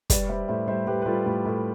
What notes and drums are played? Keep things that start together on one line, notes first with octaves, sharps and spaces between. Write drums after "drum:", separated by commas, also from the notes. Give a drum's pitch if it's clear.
G3 B4 D5, drum: kick, hi-hat
G3 C5 E5
A2 C5 E5
G3 C5 E5
G3 G4 B4
B4
G3 F4 A4
A2 G4
A2